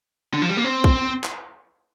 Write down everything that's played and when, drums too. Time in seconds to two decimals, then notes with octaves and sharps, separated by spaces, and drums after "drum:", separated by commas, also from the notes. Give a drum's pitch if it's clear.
0.34 D3
0.42 F3
0.49 G3
0.57 A#3
0.64 C4
0.84 drum: kick
1.24 drum: clap